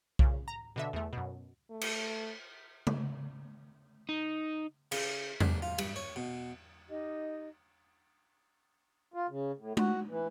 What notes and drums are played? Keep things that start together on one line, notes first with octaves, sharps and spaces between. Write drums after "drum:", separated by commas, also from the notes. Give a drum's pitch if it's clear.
A#2 C#3, drum: kick B1
A#5
B2 D3 E5
E2 A3
F#2 B2
A3
drum: cymbal
drum: tom C#3
D#4
C#3, drum: cymbal
D4, drum: tom E2
F4
G2, drum: cymbal
C#5
B2
D#4 G4 D#5
F4
C#3
A2
F#4, drum: tom G#3
E3